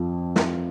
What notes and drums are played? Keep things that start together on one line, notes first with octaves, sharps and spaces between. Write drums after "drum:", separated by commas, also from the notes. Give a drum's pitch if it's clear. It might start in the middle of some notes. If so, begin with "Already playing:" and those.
Already playing: F2 F3
drum: snare